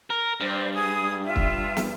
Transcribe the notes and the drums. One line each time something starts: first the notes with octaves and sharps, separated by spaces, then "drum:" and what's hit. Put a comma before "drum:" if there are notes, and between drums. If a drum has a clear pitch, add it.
A#4
G2 C5 D5
G#4 D#6
F4 E5
drum: kick
drum: snare